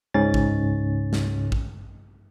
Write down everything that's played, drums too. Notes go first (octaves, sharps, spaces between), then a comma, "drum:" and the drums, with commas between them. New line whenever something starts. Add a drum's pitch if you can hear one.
C#2 G#2 C#3 C#4 A6
drum: kick A1
drum: snare
drum: kick A1